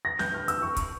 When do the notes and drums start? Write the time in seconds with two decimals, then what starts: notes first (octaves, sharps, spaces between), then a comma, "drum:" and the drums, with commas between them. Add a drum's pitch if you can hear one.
0.05 A#6
0.19 G6, drum: snare
0.34 F6
0.48 E6, drum: hi-hat
0.62 C#6
0.76 drum: kick, hi-hat